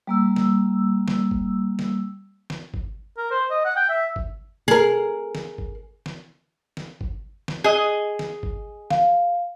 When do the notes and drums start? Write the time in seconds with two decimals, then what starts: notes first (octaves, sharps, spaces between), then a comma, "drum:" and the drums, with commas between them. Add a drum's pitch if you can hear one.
0.07 G3 A#3 E6
0.36 drum: snare
1.08 drum: snare
1.31 drum: kick G1
1.79 drum: snare
2.50 drum: snare
2.74 drum: kick G1
3.17 A#4
3.31 C5
3.51 D#5
3.65 F#5
3.76 G5
3.89 E5
4.16 drum: kick G1
4.68 G#4 A#4
5.35 drum: snare
5.58 drum: kick G1
6.06 drum: snare
6.77 drum: snare
7.01 drum: kick G1
7.48 drum: snare
7.64 G#4 D#5
8.19 drum: snare
8.43 drum: kick G1
8.90 F5, drum: snare